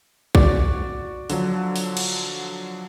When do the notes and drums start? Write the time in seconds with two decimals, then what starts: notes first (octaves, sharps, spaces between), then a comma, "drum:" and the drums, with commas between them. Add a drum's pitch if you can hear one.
0.35 F#4 D5 D6, drum: kick A#1
1.30 D3 F3 F#3, drum: open hi-hat
1.76 drum: open hi-hat
1.97 drum: cymbal